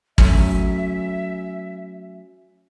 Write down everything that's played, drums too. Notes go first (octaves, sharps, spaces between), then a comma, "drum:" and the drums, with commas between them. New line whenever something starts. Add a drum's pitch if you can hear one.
F#3 A3 C#4 E5, drum: kick G#1